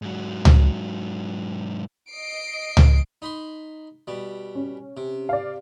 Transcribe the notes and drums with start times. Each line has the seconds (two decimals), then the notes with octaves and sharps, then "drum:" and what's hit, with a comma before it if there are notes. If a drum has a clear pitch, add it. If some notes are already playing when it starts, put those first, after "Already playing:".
0.02 G#2 F#3
0.45 drum: tom C#2
2.11 D#5 C7 D7
2.77 drum: tom C#2
3.22 D#4 B5 C6
4.07 B2 G3
4.55 C#4
4.97 C3
5.29 D5 F5